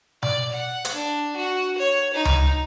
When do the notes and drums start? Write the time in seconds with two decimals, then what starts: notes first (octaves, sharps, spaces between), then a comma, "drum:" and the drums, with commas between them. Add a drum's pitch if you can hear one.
0.22 D5, drum: tom B2
0.52 F#5
0.85 drum: hi-hat
0.94 D4
1.36 F#4
1.78 C#5
2.14 D#4
2.25 drum: tom C#2